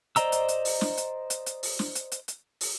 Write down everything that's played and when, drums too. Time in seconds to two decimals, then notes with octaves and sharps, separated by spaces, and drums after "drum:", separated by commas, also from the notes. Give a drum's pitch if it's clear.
0.16 C5 D5 D#5 A#5 E6, drum: hi-hat
0.32 drum: hi-hat
0.49 drum: hi-hat
0.65 drum: open hi-hat
0.81 drum: snare
0.98 drum: hi-hat
1.30 drum: hi-hat
1.46 drum: hi-hat
1.63 drum: open hi-hat
1.79 drum: snare
1.95 drum: hi-hat
2.12 drum: hi-hat
2.28 drum: hi-hat
2.61 drum: open hi-hat